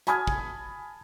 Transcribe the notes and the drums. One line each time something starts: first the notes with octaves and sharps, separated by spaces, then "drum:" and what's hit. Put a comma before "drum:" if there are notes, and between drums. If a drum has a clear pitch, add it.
G#5 A5 B5 D#6 F6 G#6, drum: hi-hat
drum: kick